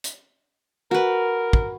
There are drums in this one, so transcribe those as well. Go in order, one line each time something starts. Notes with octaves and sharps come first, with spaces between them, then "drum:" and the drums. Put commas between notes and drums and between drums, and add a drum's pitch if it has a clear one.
drum: hi-hat
F#4 A#4 B4
drum: kick